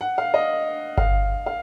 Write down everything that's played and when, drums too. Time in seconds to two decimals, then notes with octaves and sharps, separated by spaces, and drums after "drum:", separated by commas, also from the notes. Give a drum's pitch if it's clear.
0.01 F#5
0.18 F5
0.34 D#5
0.97 F5, drum: kick G1
1.46 F5